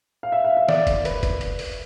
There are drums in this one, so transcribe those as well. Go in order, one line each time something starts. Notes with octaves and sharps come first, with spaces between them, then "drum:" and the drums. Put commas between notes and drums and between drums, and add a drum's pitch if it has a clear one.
F5
E5
F5
E5
D5, drum: snare
drum: kick, hi-hat
B4, drum: hi-hat
drum: kick, hi-hat
drum: hi-hat
drum: open hi-hat